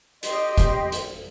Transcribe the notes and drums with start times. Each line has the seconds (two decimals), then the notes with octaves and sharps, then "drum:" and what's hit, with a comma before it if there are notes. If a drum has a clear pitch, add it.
0.23 G4 D#5 C6, drum: hi-hat
0.58 drum: kick, hi-hat
0.92 drum: hi-hat